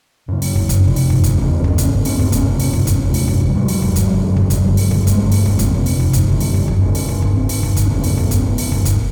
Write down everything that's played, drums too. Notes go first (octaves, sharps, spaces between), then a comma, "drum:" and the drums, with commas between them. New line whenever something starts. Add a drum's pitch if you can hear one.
F#2 C#3
drum: open hi-hat
drum: kick
drum: kick, hi-hat
F2 C3
drum: open hi-hat
drum: kick
drum: kick, hi-hat
E2 C#3 B3 C#4
C4
B3 C#4, drum: kick
drum: kick, hi-hat
G#2
C#4
A#3 C4, drum: open hi-hat
A3 B3, drum: kick
B3 C#4, drum: kick, hi-hat
F2 C3
drum: open hi-hat
drum: kick
drum: kick, hi-hat
E2 C3
drum: open hi-hat
drum: kick
G3
G#2 F#3 G#3
drum: open hi-hat
drum: kick
drum: kick, hi-hat
F#2 D3
drum: kick
drum: kick, hi-hat
G2 D3
drum: open hi-hat
drum: kick
G#3, drum: kick, hi-hat
G2 D3 G3 A3
drum: open hi-hat
B3 C#4, drum: kick
drum: kick, hi-hat
F2 C3
drum: open hi-hat
drum: kick
drum: kick, hi-hat
F#2 D3
drum: open hi-hat
drum: kick
drum: kick
G#2 C4 D4
drum: open hi-hat
drum: kick
drum: kick
G#2
drum: open hi-hat
drum: kick
drum: kick, hi-hat
D4
F2 D3 B3 C#4
drum: open hi-hat
drum: kick
drum: kick, hi-hat
G#2
drum: open hi-hat
drum: kick
drum: kick, hi-hat